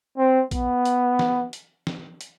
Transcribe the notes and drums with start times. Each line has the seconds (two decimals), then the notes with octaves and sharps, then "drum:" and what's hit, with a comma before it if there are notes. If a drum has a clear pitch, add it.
0.18 C4
0.51 B3, drum: kick A#1, hi-hat
0.85 drum: hi-hat
1.19 drum: snare
1.53 drum: hi-hat
1.87 drum: snare
2.21 drum: hi-hat